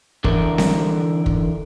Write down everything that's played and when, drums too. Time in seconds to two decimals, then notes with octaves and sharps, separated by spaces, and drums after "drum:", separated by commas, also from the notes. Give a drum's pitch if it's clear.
0.24 D3 E3 A4 A#4, drum: kick
0.58 drum: snare C4
1.26 drum: kick